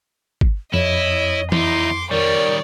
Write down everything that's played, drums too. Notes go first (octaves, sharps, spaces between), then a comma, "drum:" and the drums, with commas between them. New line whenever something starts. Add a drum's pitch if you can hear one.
drum: kick
F2 E4 C#5 D#5
E2 D#4 E4 C6 D6, drum: tom
D#3 G3 A#4 C#5 D5